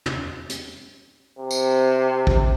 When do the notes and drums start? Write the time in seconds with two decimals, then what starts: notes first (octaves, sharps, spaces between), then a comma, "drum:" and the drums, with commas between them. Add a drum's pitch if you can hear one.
0.06 drum: tom
0.49 drum: hi-hat
1.38 C3
1.51 drum: tambourine
2.27 drum: kick